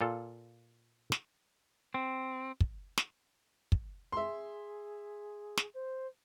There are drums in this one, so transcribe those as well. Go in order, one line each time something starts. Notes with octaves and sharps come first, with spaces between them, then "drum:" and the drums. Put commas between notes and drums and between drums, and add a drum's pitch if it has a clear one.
A#2 F4 A4
drum: snare
C4
drum: kick
drum: snare
drum: kick
G#4 E5 C6
drum: snare
C5